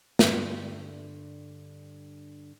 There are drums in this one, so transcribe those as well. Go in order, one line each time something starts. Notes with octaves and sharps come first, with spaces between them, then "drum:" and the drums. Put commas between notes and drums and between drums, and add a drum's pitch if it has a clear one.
G2 D3, drum: snare